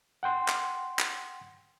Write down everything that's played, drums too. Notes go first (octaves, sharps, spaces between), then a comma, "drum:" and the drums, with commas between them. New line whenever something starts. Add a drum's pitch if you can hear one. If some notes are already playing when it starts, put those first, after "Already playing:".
F#5 G5 C6
drum: clap
drum: clap